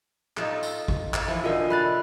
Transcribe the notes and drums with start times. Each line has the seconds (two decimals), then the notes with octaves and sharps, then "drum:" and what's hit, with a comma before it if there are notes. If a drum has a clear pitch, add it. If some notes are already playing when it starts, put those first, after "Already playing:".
0.37 D#4 F4 A4, drum: clap
0.63 drum: tambourine
0.88 drum: kick
1.14 drum: clap
1.28 E3 F3
1.44 B2 D3 D#4 F4 A#4
1.70 A3 B5 F#6 A6